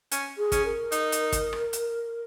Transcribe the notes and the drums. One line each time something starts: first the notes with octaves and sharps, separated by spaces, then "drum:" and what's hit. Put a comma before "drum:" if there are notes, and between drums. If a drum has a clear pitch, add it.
C#4, drum: hi-hat
G#4
C#4, drum: kick, hi-hat
A#4
D#4, drum: hi-hat
drum: hi-hat
drum: kick, hi-hat
drum: rim click
drum: hi-hat